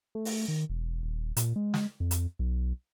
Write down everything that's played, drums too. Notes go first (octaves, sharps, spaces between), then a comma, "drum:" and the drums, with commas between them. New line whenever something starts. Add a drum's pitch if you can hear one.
A3
drum: open hi-hat
D#3
E1
D#1
A#2, drum: hi-hat
G#3
drum: snare
F2
drum: hi-hat
B1